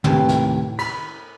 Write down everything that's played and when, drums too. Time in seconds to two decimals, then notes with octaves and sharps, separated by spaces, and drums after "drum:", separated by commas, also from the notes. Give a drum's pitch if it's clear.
0.04 D#2 A2 C3 E3, drum: tom
0.29 drum: snare
0.79 B5, drum: cymbal